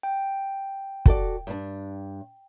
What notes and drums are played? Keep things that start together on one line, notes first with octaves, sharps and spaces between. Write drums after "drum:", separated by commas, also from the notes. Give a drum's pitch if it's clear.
G5
F#4 A4 D5, drum: kick
G2 D4